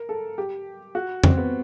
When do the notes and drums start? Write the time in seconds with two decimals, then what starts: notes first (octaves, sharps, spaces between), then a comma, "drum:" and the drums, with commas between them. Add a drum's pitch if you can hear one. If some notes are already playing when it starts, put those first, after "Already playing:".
Already playing: A#4
0.09 A4
0.38 G4
0.95 F#4
1.24 C4, drum: tom
1.37 B3